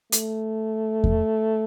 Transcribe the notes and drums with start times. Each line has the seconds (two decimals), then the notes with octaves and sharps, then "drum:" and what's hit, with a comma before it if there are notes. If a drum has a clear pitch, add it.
0.12 A3, drum: hi-hat
1.04 drum: kick E2